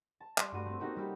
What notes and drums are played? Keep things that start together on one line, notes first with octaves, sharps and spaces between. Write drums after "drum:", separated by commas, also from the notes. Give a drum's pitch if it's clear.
A5
G3 D5 A5 C6, drum: clap
G2 A3 F#4 D#7
A3 C4
A#3 C#4 D#4 F#4 G4 A#4
G3 G4 A4